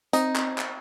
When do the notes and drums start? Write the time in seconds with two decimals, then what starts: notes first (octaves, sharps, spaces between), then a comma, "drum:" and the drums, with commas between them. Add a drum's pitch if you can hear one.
0.13 C4 D#4, drum: hi-hat
0.36 drum: clap
0.58 drum: clap